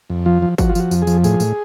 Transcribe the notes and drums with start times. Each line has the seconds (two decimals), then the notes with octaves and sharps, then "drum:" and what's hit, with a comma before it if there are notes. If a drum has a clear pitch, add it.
0.10 F2
0.26 F3 F4
0.42 F3
0.58 F3 F#4, drum: kick, tambourine
0.69 F4
0.75 F3 F#4, drum: tambourine
0.91 F2, drum: tambourine
1.02 G#4
1.07 F3, drum: tambourine
1.24 A2 G#4, drum: tambourine
1.40 A2, drum: tambourine